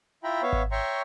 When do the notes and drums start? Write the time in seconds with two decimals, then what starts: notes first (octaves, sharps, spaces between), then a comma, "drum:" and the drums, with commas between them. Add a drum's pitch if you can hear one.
0.24 E4 F4 E5 G5 A#5 B5
0.42 B3 C#5 E5 F5
0.53 drum: kick G#1
0.72 C#5 E5 G5 A#5 C6 C#6